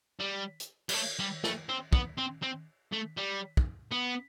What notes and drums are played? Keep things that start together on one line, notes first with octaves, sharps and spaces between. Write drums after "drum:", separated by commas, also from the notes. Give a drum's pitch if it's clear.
G3
drum: hi-hat
G3, drum: cymbal
A3
G3
A3, drum: snare
C4
B3, drum: kick
C4
C4
A3
G3
drum: kick
B3